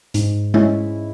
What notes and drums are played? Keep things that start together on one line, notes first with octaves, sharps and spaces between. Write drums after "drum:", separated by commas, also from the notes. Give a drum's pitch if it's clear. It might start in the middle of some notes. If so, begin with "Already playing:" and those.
G#2, drum: hi-hat
G#3 C#4 E4, drum: tom G#3